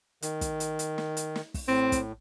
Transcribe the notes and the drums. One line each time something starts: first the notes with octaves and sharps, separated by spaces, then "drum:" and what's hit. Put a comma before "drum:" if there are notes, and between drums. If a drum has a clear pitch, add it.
D#3, drum: hi-hat
drum: kick, hi-hat
drum: hi-hat
drum: hi-hat
drum: snare
drum: hi-hat
drum: snare
drum: kick, open hi-hat
A2 C4
drum: kick, hi-hat